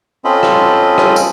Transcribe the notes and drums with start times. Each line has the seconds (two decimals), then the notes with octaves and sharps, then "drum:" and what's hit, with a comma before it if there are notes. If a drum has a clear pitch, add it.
0.25 C4 C#4 F4 A4 D#5 B5
0.43 drum: rim click
0.98 drum: rim click
1.16 drum: tambourine